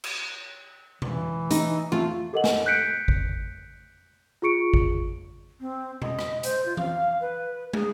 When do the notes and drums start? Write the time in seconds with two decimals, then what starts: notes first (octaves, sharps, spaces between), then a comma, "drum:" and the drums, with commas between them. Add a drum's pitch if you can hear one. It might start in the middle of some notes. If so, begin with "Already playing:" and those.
0.04 drum: cymbal
1.02 E3, drum: tom B2
1.51 D#4, drum: hi-hat
1.92 A3 F4, drum: tom E3
2.33 G4 A4 A#4 D#5 F#5 F#7
2.44 drum: snare
2.66 F#6 G6 B6 C#7 D7
3.08 drum: kick G#1
4.42 F4 G#4 C#6 C#7 D7
4.74 drum: kick G#1
5.61 C4
6.02 D#5, drum: tom B2
6.19 drum: rim click
6.43 C5, drum: hi-hat
6.65 F4
6.77 F5, drum: tom E3
7.21 B4
7.73 G#4, drum: tom